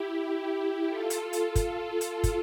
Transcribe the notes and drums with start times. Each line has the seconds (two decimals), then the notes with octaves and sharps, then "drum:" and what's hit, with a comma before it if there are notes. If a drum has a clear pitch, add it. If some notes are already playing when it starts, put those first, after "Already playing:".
Already playing: E4 G4
0.87 F4 A4
1.10 drum: hi-hat
1.33 drum: hi-hat
1.55 drum: kick, hi-hat
2.01 drum: hi-hat
2.24 drum: kick, hi-hat